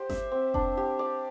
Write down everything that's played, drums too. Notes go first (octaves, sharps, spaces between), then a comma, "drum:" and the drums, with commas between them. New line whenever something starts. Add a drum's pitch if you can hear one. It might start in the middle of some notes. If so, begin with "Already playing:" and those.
Already playing: G4 C5
E5, drum: snare G1
C4
D4, drum: kick F1
G4
D5